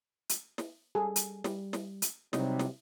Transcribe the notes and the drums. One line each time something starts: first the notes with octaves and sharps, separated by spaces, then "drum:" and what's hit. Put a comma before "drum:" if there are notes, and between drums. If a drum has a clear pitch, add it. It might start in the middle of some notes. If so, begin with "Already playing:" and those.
drum: hi-hat
drum: snare
G3 G#4 A4
drum: hi-hat
G3, drum: snare
drum: snare
drum: hi-hat
C3 F#3 G3 D#4, drum: snare
drum: snare